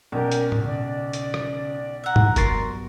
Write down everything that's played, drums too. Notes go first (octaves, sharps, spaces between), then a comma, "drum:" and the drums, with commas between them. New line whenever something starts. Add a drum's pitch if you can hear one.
B1 C#4 G4 A#4 D5 A#5
drum: hi-hat
drum: tom A2
C#3 D5
drum: hi-hat
drum: rim click
E5 F#5 A#5
drum: tom G#2
G2 F#3 B3 A#4 C6 C#6 A6, drum: kick, hi-hat